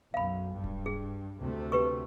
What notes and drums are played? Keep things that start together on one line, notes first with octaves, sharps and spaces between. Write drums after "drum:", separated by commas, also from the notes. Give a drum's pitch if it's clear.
B1 F#2 F5 B5
G2
drum: kick D1
G#4
D2 C3 A3
G4 B4 C#6